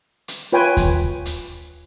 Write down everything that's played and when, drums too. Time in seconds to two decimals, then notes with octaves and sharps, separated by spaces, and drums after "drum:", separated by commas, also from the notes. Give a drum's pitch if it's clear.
0.28 drum: hi-hat
0.52 F4 B4 C#5 G5 G#5
0.77 drum: kick D#2, hi-hat
1.26 drum: hi-hat